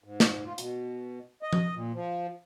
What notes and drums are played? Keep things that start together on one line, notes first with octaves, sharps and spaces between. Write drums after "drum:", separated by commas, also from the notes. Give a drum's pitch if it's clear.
G#2
drum: snare
F4
B2, drum: hi-hat
D#5
drum: tom F3
A#2
F3